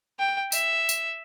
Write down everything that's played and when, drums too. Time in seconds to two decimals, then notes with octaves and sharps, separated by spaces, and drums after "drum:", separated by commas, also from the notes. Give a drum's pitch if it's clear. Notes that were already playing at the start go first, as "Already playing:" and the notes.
0.19 G5
0.52 E5, drum: tambourine
0.89 drum: tambourine